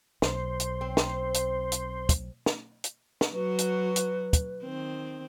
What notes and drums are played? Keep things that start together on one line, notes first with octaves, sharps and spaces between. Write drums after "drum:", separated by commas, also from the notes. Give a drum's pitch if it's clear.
B1 C5, drum: snare
drum: hi-hat
C4
drum: snare
drum: hi-hat
drum: hi-hat
drum: kick, hi-hat
drum: snare
drum: hi-hat
drum: snare
F#3 F#4 B4
drum: hi-hat
drum: hi-hat
drum: kick, hi-hat
D#3 C4